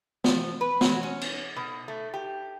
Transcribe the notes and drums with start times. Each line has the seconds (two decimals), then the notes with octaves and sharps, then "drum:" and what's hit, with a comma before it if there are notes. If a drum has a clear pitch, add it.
0.24 F3, drum: snare
0.61 B4
0.81 F#3, drum: snare
1.03 C#4
1.21 drum: cymbal
1.56 B2
1.88 A3
2.14 G4